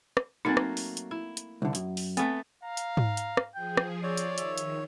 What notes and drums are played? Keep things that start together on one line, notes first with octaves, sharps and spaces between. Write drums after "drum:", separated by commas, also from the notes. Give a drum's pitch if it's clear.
drum: rim click
F#3 A3 A#3 C4 D#4
drum: rim click
drum: open hi-hat
drum: hi-hat
E4
drum: hi-hat
C2 D3
F#2, drum: hi-hat
drum: open hi-hat
A3 B3 C4, drum: hi-hat
F5 A#5
drum: hi-hat
drum: tom G#2
drum: hi-hat
drum: rim click
F3 G#4 G5
drum: rim click
C4 F4 C#5 D5
drum: hi-hat
D#3 E5, drum: hi-hat
drum: hi-hat